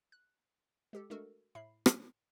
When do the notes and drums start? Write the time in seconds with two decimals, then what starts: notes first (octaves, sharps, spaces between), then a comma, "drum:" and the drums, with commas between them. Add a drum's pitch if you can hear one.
0.12 F#6
0.93 G#3 G4 A4
1.10 G#3 A3 D4 F#4 A4 A#4
1.55 A2 E5 B5 C7
1.86 drum: rim click